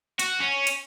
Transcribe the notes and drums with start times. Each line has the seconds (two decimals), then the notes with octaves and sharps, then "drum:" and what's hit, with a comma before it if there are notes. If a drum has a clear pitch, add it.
0.19 F#4, drum: hi-hat
0.40 C#4
0.67 drum: hi-hat